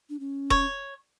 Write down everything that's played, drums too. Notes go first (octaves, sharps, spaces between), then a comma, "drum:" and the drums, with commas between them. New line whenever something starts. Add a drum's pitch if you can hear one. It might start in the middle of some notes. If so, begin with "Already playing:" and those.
D4
C#4
C#5, drum: kick E1